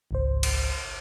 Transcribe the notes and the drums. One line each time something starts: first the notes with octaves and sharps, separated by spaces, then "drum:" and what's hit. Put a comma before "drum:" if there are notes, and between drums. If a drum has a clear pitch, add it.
G#1 C#2 C5
drum: cymbal